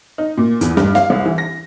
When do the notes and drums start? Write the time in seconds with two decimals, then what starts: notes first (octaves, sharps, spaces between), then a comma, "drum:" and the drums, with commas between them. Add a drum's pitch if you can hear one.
0.18 D#4
0.37 A#2
0.61 E2, drum: hi-hat
0.77 G2, drum: snare
0.95 F5, drum: snare
1.10 C2
1.26 E3
1.38 A#6